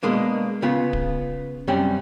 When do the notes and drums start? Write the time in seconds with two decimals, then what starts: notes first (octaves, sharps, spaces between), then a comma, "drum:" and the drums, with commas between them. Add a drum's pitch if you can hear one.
0.03 B2 G#3 A#3 D4
0.62 C#3 B3 F4
0.93 drum: kick D1
1.68 F#2 C3 G3 C#4